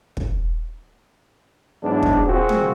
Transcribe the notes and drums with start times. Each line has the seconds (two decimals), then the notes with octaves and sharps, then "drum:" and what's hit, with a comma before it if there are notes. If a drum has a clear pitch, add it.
0.17 drum: kick
1.83 E2 G#2 F#3 D4
2.03 drum: kick
2.26 A#2 C4 F4 F#4 G#4
2.49 drum: tom